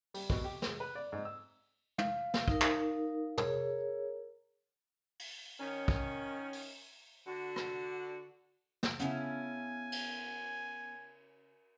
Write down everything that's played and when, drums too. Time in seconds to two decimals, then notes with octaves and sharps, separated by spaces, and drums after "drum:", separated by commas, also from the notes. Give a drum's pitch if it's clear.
0.14 G3, drum: open hi-hat
0.30 B2, drum: kick
0.44 G4
0.62 G#3, drum: snare
0.80 B4
0.95 D5
1.12 G#2
1.25 E6
1.98 F5, drum: tom
2.34 drum: snare
2.48 D#4 A#4, drum: kick
2.61 drum: clap
3.38 G#4 A#4 C#5, drum: tom
5.19 drum: open hi-hat
5.59 D#3 C#4
5.88 drum: kick
6.53 drum: open hi-hat
7.27 D3 F#4
7.56 drum: rim click
8.83 drum: snare
9.00 C#3 B3 C#4 E4 G#5 A5, drum: hi-hat
9.92 drum: cymbal